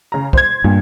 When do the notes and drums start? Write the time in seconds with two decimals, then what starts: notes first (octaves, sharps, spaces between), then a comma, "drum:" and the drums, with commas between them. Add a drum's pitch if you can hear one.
0.12 C#3 A#5
0.33 C5 G#6, drum: kick
0.64 G2 A#2